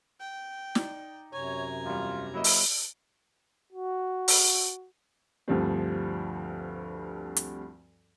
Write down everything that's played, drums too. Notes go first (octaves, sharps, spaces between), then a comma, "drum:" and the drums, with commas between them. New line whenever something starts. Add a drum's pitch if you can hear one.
G5
D#4 D5, drum: snare
F#2 C3 C#5 G#5 A#5
E2 G3 F4
F#3 A#3 E4 D#5
drum: open hi-hat
F#4
drum: open hi-hat
D2 G2 F3 G3 C4
drum: hi-hat